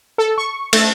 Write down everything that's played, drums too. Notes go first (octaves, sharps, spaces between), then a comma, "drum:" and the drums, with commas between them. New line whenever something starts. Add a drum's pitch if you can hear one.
A4
C#6
A3, drum: cymbal